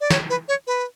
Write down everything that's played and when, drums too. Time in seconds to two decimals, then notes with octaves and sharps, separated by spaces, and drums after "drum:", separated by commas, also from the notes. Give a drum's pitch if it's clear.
0.01 D5
0.11 C#5, drum: snare
0.30 B4
0.48 C#5
0.67 B4